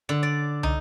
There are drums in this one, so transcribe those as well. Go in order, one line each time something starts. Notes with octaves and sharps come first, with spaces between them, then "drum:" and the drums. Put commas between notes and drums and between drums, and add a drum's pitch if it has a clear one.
D3
D5
D#4, drum: tom